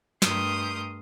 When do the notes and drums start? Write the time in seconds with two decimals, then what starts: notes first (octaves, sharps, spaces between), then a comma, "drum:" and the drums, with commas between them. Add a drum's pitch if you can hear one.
0.22 G2 A3 A#4 C6 D#6 G6, drum: snare